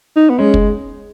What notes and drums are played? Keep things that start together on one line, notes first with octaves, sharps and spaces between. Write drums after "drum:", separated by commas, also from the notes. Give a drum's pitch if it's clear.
D#4
B3
G#3 C#4
drum: kick